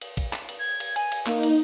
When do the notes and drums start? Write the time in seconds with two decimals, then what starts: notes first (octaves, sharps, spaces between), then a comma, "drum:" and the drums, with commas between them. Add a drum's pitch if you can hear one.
0.01 drum: cymbal
0.17 drum: kick, cymbal
0.33 drum: clap
0.49 drum: cymbal
0.59 G#6
0.80 drum: cymbal
0.96 G#5, drum: cymbal
1.12 drum: cymbal
1.26 A#3 D#4, drum: clap
1.43 drum: cymbal